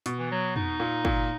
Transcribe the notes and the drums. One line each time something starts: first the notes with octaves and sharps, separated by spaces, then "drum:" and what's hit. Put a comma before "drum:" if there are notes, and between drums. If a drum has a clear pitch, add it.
B2, drum: hi-hat
E3
F#3
D#4, drum: tom
A#2
A#2, drum: kick